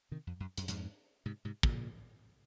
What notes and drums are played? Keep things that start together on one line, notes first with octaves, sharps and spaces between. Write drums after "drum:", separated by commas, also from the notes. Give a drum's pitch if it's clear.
C3 D#3
F2
F#2
F#2, drum: hi-hat
F2 G#2, drum: hi-hat
G#2 C3
G#2 C3
A#2 C#3, drum: kick